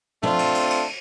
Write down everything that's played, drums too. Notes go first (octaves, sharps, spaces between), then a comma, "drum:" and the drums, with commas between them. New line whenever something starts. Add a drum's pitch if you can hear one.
A3 C4 D4 F4, drum: tom
drum: cymbal
drum: cymbal
drum: cymbal